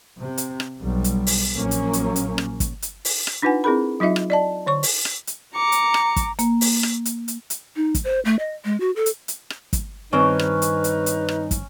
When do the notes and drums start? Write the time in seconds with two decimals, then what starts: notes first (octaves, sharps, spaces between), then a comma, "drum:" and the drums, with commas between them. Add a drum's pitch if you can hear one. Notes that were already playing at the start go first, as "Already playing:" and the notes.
0.18 C3
0.38 drum: hi-hat
0.60 drum: rim click
0.79 B1 G3
1.04 drum: hi-hat
1.27 drum: open hi-hat
1.53 A#1 F#3 A#3 C#4
1.71 drum: hi-hat
1.93 drum: hi-hat
2.16 drum: hi-hat
2.38 drum: rim click
2.60 drum: kick, hi-hat
2.82 drum: hi-hat
3.05 drum: open hi-hat
3.27 drum: rim click
3.42 D4 D#4 F4 B4 F#5 G#5
3.64 C4 E4 G#4 A#4 B5
4.00 F#3 D#4 F4 D#5 E5
4.16 drum: rim click
4.30 D5 D#5 A5
4.66 D3 C#5 C#6
4.83 drum: open hi-hat
5.05 drum: rim click
5.27 drum: hi-hat
5.55 A#5 D6 C#7
5.72 drum: hi-hat
5.94 drum: rim click
6.16 drum: kick, hi-hat
6.39 A#3, drum: hi-hat
6.61 drum: open hi-hat
6.83 drum: rim click
7.05 drum: hi-hat
7.28 drum: hi-hat
7.50 drum: hi-hat
7.76 D#4
7.95 drum: kick, hi-hat
8.04 C5
8.25 A3
8.39 D#5
8.65 G#3
8.80 F#4
8.96 A4
9.06 drum: hi-hat
9.28 drum: hi-hat
9.50 drum: rim click
9.73 drum: kick, hi-hat
10.13 G2 D#3 C4 C#4 D#4 B4
10.39 drum: rim click
10.62 drum: hi-hat
10.84 drum: hi-hat
11.06 drum: hi-hat
11.29 drum: rim click
11.51 drum: kick, hi-hat